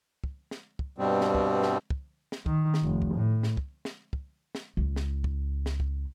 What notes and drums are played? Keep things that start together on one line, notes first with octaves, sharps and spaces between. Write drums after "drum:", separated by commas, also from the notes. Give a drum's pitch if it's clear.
drum: kick
drum: snare
drum: kick
G2 B2 G3 C4
drum: snare
drum: kick
drum: snare
drum: kick
drum: snare
D#3, drum: kick
drum: snare
F1
drum: kick
A2
drum: snare
drum: kick
drum: snare
drum: kick
drum: snare
C#2
drum: snare
drum: kick
drum: snare
drum: kick